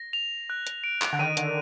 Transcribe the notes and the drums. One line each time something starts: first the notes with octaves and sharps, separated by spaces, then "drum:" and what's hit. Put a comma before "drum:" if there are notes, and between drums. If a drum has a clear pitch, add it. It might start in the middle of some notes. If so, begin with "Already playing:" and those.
Already playing: A#6
F7
F#6
drum: hi-hat
D7
drum: clap
D3
D#3 D#7
D3, drum: hi-hat